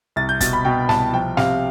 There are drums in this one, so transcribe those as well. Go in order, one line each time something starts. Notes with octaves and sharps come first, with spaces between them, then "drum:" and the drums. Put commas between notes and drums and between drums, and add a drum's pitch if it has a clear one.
C2 A6
G6
B2 A6, drum: kick, hi-hat
B5
B2 G5
C2 A5, drum: snare
F3 G5
C3 F5, drum: snare